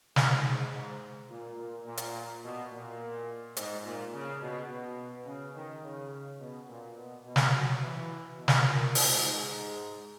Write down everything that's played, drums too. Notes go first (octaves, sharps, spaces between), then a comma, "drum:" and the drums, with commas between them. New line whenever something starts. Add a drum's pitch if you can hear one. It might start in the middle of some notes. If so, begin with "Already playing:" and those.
G#2, drum: snare
G#2
G#2
A#2
A#2
A#2
drum: hi-hat
B2
A#2
G#2, drum: hi-hat
A#2
C#3
B2
B2
C#3
D#3
C#3
B2
A#2
B2
B2
drum: snare
F#3
E3
B2
drum: snare
A#2
G#2, drum: open hi-hat
G#2